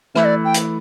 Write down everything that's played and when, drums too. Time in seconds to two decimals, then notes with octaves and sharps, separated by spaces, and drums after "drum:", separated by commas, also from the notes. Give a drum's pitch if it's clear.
0.15 E3 A3 E4 E5, drum: rim click
0.25 D5
0.45 G5
0.54 drum: hi-hat